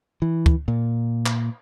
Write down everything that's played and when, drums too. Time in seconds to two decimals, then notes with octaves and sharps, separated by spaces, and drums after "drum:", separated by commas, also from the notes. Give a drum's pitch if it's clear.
0.22 E3
0.46 drum: kick
0.68 A#2
1.26 drum: clap